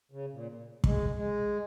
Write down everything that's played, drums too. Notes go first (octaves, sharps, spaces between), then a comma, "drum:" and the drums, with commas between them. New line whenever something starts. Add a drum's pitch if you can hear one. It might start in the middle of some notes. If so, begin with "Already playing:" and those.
C#3
A#2
G#3, drum: kick
G#3